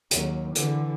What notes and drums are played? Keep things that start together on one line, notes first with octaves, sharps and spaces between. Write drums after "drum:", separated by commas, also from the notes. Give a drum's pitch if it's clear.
D#2 F#3, drum: hi-hat
D3 E3, drum: hi-hat